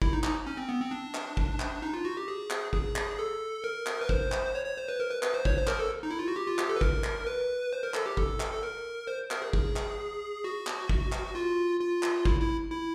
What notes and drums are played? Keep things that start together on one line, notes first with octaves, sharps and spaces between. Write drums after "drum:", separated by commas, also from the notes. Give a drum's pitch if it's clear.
E4, drum: kick
D#4
D#4, drum: clap
C#4
C4
B3
C4
D4
drum: clap
drum: kick
drum: clap
D#4
F4
F#4
G4
G#4
drum: clap
G#4, drum: kick
drum: clap
A4
A#4
drum: clap
B4
C5, drum: kick
drum: clap
C#5
C#5
C5
B4
A#4
B4
B4, drum: clap
C5
C#5, drum: kick
C5
A#4, drum: clap
A4
D#4
E4
F4
F#4
G4
F4
G4, drum: clap
A4
B4
A#4, drum: kick
drum: clap
B4
C5
A#4
A4, drum: clap
G4
A4, drum: kick
drum: clap
A4
A#4
C5
A#4, drum: clap
G#4
G#4, drum: kick
drum: clap
F#4
drum: clap
drum: kick
drum: clap
F4
F4
drum: clap
E4, drum: kick
E4
E4